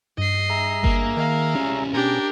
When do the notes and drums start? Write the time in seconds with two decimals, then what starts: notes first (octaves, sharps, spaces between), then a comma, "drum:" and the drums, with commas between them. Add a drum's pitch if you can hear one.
0.18 G2 D#5 C7
0.50 G#4 E5 A#5
0.84 A#3, drum: kick G1
1.17 D#3 F5
1.55 C#2 G3 C#4
1.94 B2 D4 G4 G#4 A#4